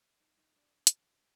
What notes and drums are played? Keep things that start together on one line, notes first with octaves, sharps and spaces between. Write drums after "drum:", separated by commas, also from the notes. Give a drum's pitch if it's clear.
D#4
D#4
D4
drum: hi-hat